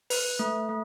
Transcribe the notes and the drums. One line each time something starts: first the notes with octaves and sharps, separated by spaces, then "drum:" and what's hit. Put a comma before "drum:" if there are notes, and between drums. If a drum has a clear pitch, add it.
B4, drum: open hi-hat
A3
A3